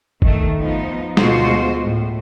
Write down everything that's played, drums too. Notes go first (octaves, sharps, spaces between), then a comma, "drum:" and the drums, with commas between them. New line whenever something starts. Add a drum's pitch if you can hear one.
D#3 A3, drum: kick F#1
F3 B3 D#4
D2 B2 G#3 F4 F#4 C5, drum: snare
A2